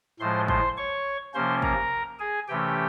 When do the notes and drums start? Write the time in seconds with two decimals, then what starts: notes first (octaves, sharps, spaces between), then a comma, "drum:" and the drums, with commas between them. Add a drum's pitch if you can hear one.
0.20 A2 F3 G#3 C5 C6
0.48 C5 C6, drum: kick
0.77 C#5 C#6
1.34 C3 F3 A#3 C#4 C5 C6
1.62 A#4 A#5, drum: kick
2.19 G#4 G#5
2.48 C3 E3 A3 C#4 G4 G5